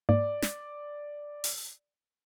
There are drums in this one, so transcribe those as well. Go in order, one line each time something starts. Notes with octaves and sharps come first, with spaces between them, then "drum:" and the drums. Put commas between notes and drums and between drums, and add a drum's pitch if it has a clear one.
G#2 A#3 D5
drum: snare
drum: open hi-hat